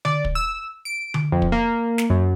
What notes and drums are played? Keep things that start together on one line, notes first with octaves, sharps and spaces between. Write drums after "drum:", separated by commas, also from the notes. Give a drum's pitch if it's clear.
D5, drum: tom D3
drum: kick
E6
D7
drum: tom D3
F2
drum: kick
A#3
drum: snare
F#2